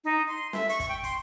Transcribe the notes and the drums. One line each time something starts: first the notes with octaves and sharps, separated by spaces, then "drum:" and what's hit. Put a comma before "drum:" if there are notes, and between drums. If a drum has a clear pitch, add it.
D#4
C6
E5, drum: snare
C#6, drum: hi-hat
drum: kick, hi-hat
G5
C6, drum: kick, hi-hat